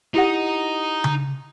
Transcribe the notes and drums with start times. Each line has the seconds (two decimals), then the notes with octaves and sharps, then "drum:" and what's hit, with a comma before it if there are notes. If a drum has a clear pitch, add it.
0.14 D#4 E4 G4 F#5
1.04 drum: tom C#3